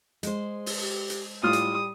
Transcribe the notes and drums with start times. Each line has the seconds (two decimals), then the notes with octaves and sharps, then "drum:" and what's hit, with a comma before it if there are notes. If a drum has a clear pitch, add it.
0.23 G#3 C5, drum: hi-hat
0.66 drum: open hi-hat
0.81 G4
1.10 drum: hi-hat
1.43 A2 G3 F4 D#6 F6
1.53 drum: hi-hat